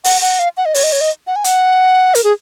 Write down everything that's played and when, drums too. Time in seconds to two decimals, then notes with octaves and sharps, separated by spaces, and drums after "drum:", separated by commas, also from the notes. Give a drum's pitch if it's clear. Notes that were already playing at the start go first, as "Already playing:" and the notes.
0.04 F#5, drum: open hi-hat
0.21 F#5
0.39 F5
0.57 F#5
0.65 D#5
0.74 C#5, drum: open hi-hat
0.84 D#5
0.92 C#5
1.01 D#5
1.27 F#5
1.36 G#5
1.44 F#5, drum: hi-hat
2.15 A#4, drum: hi-hat
2.24 G#4